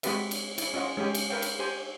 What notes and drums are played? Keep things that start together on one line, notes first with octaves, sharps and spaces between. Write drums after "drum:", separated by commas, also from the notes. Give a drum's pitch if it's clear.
G#3 C4 F#4 G4 B4 E5, drum: cymbal
drum: cymbal
E4, drum: cymbal
C#4 F4 D#5 F#5
G#3 C#4 G4 G5
drum: cymbal
A#4 B4 F5 G5
drum: cymbal
G4 C5 G#5